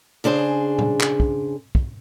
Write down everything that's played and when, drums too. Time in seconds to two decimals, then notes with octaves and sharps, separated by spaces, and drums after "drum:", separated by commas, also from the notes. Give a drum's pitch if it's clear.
0.24 C#3 D4 G#4 C5
0.79 drum: tom A#2
1.00 drum: clap
1.20 drum: kick
1.75 drum: kick